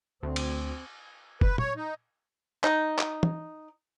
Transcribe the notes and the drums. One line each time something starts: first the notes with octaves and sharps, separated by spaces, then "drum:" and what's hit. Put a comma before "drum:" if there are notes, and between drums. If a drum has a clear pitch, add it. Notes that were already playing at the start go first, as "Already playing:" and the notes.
D2 C4
drum: cymbal
B4, drum: kick F#1
C#5, drum: tom
D#4
D#4, drum: clap
drum: clap
drum: tom